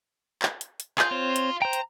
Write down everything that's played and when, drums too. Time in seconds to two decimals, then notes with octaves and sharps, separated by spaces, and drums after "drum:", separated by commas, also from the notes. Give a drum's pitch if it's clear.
0.42 drum: clap
0.61 drum: hi-hat
0.80 drum: hi-hat
0.98 F4 G#4 G6, drum: clap
1.11 C4 C5 C#5
1.36 drum: hi-hat
1.62 C5 G5 A#5
1.73 drum: hi-hat